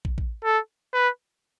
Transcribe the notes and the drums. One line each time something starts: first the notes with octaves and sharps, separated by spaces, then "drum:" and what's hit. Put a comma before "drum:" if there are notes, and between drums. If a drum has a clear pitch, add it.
drum: kick
drum: kick
A4
B4